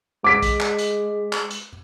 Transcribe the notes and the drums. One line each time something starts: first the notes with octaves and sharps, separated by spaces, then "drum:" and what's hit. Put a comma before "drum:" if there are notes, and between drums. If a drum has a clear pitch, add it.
G#3 D6 B6 D7
drum: kick, hi-hat
drum: clap
drum: hi-hat
drum: clap
drum: hi-hat